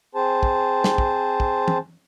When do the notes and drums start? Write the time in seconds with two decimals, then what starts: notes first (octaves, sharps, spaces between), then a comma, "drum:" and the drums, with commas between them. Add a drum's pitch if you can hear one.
0.15 C4 G#4 C5 A5
0.43 drum: kick
0.84 drum: snare
0.98 drum: kick
1.40 drum: kick
1.68 drum: tom